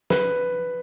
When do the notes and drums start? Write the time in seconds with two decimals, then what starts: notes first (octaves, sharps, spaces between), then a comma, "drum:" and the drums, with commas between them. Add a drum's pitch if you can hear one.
0.10 B4, drum: snare